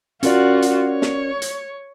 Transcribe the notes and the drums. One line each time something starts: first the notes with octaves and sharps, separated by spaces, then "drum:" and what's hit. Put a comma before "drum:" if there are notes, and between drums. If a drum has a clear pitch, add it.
C#4 F4 F#4 A#4 D5, drum: hi-hat
drum: hi-hat
C#5
drum: snare
drum: hi-hat